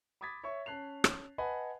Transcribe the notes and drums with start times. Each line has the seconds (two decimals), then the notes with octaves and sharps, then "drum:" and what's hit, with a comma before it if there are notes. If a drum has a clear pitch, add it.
0.21 B5 D6 D#6 G#6 A6 B6
0.43 C#5 E5 C#6
0.66 C#4 A5 F#6 C7 F7
1.04 drum: rim click
1.38 B4 D#5 F#5 G#5 A5 B5